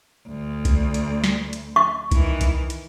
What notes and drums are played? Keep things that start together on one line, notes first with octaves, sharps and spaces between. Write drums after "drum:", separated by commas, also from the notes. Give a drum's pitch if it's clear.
D2
drum: kick C2, hi-hat
drum: hi-hat
drum: snare
drum: hi-hat
C#6
D#3 E3, drum: kick C2, hi-hat
drum: kick C2, hi-hat
drum: hi-hat